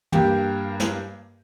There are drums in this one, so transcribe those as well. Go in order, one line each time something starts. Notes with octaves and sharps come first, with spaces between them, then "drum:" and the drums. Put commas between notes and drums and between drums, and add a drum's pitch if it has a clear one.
G2 A#3 G4, drum: tom
drum: snare